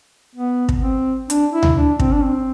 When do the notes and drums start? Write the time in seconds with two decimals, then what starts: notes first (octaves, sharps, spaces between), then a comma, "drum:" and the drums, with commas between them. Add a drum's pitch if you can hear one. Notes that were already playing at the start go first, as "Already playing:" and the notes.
0.35 B3
0.69 drum: kick
0.82 C4
1.30 D4, drum: hi-hat
1.52 E4
1.63 drum: tom D2
1.77 D4
1.99 C4, drum: kick
2.12 D4
2.24 C4